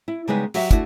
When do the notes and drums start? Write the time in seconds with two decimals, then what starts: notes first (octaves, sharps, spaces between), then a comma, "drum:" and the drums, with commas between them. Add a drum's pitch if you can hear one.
0.08 E4
0.28 C#3 G3 G#3 B3 D#4 B4
0.54 F#3 F#4 G4 E5, drum: open hi-hat
0.71 A3 D4 E4 F#4, drum: kick, hi-hat